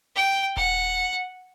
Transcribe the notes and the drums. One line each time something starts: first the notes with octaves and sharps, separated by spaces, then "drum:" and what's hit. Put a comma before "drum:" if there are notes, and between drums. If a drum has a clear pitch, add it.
G5
F#5, drum: kick D#1